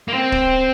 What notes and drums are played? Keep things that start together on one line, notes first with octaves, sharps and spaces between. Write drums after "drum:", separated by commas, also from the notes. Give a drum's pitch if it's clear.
A#3
C4
drum: kick C#1